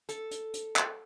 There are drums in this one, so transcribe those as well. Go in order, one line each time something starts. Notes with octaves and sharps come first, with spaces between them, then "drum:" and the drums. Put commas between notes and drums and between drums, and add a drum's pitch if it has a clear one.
A4, drum: hi-hat
drum: hi-hat
drum: hi-hat
drum: clap